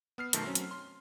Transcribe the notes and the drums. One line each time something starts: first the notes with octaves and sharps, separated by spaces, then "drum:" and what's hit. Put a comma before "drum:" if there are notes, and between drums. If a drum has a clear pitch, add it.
B3 F6 C7
F#2 B2 D#3 A3 A4, drum: hi-hat
F#3 C4 C#4
drum: hi-hat
C6